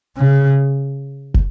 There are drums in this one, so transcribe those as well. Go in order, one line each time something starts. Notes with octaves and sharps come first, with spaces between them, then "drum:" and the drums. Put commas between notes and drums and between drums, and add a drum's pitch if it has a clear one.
C#3
drum: kick